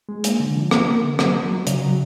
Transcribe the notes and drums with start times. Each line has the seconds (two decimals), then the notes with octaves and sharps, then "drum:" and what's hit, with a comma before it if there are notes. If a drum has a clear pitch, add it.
0.09 G#3
0.24 A#3, drum: hi-hat
0.40 D3
0.56 F3
0.71 A#3, drum: rim click
0.88 A#3
1.03 D3
1.19 F#3, drum: rim click
1.35 F#3
1.51 F#3
1.67 C#3, drum: hi-hat
1.82 F#3